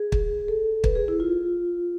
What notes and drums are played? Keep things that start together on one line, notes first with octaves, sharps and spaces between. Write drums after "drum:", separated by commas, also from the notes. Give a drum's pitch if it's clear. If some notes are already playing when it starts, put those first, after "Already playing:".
Already playing: G#4
drum: kick
A4
B4, drum: kick
G#4
E4
F4